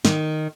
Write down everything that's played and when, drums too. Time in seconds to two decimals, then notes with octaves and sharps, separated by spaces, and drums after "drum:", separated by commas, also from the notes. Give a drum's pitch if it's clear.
0.05 D#3, drum: snare